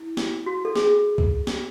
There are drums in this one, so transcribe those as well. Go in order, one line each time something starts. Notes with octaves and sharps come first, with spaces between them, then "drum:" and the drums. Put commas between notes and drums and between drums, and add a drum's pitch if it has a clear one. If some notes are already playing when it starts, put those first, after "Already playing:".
Already playing: E4
drum: snare
F#4
A4
G#4, drum: snare
drum: kick C#2
drum: snare